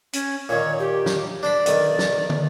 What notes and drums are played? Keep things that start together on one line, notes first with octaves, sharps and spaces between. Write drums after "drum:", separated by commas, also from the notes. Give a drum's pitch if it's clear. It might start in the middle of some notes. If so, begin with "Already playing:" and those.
C#4, drum: hi-hat
A#2 D#3 C#5
G4
drum: snare
D4 C5 D5 B5
B1 D#3, drum: hi-hat
drum: snare
drum: tom